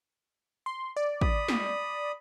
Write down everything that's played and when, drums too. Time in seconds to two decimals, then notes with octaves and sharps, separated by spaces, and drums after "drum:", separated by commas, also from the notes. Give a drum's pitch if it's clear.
0.66 C6
0.96 D5
1.21 B5 D#6, drum: kick
1.48 drum: snare